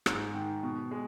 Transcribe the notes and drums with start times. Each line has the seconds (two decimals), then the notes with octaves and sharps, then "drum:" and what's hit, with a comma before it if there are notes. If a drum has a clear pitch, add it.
0.06 G#2, drum: rim click
0.34 D#3
0.63 B2
0.91 G#3